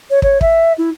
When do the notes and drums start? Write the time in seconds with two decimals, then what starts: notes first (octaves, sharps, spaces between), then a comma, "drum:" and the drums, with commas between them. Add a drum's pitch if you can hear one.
0.10 C#5
0.22 C#5, drum: kick
0.41 E5, drum: kick
0.77 E4